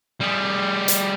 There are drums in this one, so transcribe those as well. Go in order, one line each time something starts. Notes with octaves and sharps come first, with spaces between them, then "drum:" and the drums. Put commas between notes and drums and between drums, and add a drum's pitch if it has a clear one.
G3 G#4
drum: hi-hat